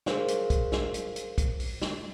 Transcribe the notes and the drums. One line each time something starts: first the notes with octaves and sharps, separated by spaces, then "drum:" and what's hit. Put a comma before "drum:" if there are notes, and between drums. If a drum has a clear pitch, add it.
G#4 A#4 C5 C#5 F5, drum: snare
drum: hi-hat
drum: kick, hi-hat
drum: snare
drum: hi-hat
drum: hi-hat
drum: kick, hi-hat
drum: open hi-hat
drum: snare